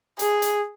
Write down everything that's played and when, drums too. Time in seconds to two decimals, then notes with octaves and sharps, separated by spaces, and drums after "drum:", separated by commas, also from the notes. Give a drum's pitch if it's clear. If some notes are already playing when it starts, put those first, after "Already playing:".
0.19 G#4, drum: hi-hat
0.42 drum: hi-hat